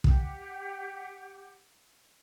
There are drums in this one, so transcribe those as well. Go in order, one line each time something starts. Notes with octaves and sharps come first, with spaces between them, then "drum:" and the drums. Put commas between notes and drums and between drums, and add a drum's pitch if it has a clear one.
G4 F#5, drum: kick